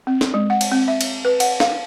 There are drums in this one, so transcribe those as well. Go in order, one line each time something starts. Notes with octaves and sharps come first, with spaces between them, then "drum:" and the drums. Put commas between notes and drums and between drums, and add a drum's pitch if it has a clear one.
C4
drum: snare
G#3
F#5
drum: cymbal
C4
E5
drum: cymbal
B4
F#5, drum: cymbal
F5, drum: snare